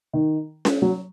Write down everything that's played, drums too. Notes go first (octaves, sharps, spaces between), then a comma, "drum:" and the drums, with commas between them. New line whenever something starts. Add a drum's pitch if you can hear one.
D#3
drum: snare C#4
F#3